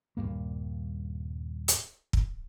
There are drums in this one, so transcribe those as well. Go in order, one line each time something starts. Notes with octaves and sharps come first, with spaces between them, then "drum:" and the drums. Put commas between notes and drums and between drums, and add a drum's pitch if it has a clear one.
D#1 E2 G2 A#3
drum: hi-hat
drum: kick